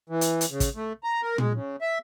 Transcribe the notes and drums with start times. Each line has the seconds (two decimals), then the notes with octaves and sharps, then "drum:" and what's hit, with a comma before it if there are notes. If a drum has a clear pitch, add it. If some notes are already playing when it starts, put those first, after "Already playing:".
0.09 E3
0.21 drum: hi-hat
0.41 drum: hi-hat
0.51 C#3
0.60 drum: kick, hi-hat
0.76 A3
1.03 A#5
1.22 A#4
1.38 G#3, drum: tom A#2
1.55 C#3
1.81 E5